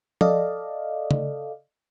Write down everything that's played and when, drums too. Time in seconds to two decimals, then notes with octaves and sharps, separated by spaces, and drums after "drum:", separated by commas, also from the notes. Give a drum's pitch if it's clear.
0.21 A4 D5 D#5 F5, drum: tom F3
1.11 drum: tom C#3